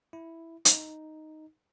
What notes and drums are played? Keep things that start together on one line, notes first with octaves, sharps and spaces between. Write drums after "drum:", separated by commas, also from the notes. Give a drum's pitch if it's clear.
E4
D#4, drum: hi-hat